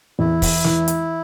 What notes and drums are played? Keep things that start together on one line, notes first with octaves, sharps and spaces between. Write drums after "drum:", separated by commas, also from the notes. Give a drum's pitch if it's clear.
E2 E4
drum: kick, open hi-hat
E3, drum: snare
drum: hi-hat